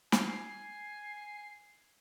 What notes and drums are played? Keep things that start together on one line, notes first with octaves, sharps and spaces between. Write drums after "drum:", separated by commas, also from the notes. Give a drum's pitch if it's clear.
G#5 C7, drum: snare